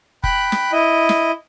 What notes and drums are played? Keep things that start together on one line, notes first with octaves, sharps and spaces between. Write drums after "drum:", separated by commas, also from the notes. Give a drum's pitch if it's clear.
G5 B5 F#6, drum: kick F1
drum: snare
E4 D#5
drum: snare